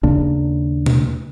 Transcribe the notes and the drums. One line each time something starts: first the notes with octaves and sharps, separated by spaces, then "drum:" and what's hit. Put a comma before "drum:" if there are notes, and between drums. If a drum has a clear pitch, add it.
D#2 C#3 A#3 D4
drum: tom B2